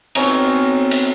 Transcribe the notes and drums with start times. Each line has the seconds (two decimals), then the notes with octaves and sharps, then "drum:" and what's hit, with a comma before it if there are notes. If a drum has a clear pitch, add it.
0.15 B2 C4 C#4 D#4, drum: cymbal
0.91 drum: cymbal